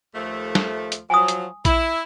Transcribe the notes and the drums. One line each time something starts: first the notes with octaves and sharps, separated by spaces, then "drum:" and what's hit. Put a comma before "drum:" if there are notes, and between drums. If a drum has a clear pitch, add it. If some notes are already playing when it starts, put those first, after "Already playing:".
D#2 F3 A3
drum: snare
drum: hi-hat
F3 F#3 G#5 D#6
drum: hi-hat
E4, drum: kick A#1, hi-hat